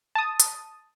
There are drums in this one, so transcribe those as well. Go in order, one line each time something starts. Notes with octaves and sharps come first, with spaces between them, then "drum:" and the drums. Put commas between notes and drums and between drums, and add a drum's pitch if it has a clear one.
A5 D#6
drum: hi-hat